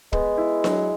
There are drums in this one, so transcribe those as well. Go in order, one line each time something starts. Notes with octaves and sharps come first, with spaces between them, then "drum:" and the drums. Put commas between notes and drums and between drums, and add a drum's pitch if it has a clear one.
G#3 B3, drum: kick
E4
F#3, drum: snare D4